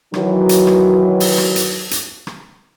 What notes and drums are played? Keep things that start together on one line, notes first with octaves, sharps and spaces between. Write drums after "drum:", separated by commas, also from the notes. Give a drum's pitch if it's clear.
D#3 E3 F#3, drum: rim click
drum: hi-hat
drum: rim click
drum: open hi-hat
drum: rim click
drum: hi-hat
drum: hi-hat
drum: rim click